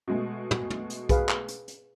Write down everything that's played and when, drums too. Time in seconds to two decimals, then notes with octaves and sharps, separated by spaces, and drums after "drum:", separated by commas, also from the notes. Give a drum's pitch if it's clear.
0.08 B2 G#3 A3
0.51 drum: tom
0.70 drum: tom
0.90 drum: hi-hat
1.09 G#4 B4 F5, drum: kick B1, hi-hat
1.29 drum: clap
1.48 drum: hi-hat
1.68 drum: hi-hat